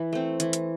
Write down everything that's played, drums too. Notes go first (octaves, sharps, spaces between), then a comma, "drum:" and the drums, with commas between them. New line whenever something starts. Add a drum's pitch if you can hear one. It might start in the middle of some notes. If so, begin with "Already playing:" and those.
Already playing: E3
A3 C4
E3, drum: hi-hat
drum: hi-hat